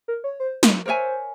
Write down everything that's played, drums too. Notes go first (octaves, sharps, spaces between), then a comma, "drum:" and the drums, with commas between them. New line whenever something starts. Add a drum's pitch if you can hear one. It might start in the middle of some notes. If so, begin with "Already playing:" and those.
A#4
C#5
C5
A#4, drum: snare
A#4 C5 C#5 E5 G#5